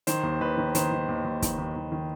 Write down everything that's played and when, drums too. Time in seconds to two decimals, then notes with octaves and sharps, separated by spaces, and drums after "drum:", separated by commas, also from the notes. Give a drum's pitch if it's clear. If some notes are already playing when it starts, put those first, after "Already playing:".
0.07 D#3 C5, drum: hi-hat
0.23 D#2
0.41 D#2 B4
0.57 D#3
0.75 D#3 C5, drum: hi-hat
0.92 D#3
1.09 D#2
1.24 D#2
1.42 D#3, drum: kick, hi-hat
1.58 D#2
1.76 D#2
1.92 D#3